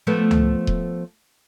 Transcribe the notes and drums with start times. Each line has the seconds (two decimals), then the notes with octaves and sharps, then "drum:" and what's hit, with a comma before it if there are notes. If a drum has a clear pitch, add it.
0.07 F3 A3 B3
0.31 drum: tom C#2
0.67 drum: kick D#1